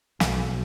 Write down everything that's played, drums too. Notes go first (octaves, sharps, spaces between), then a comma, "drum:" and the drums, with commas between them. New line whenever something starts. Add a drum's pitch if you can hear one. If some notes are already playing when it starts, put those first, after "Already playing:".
B1, drum: snare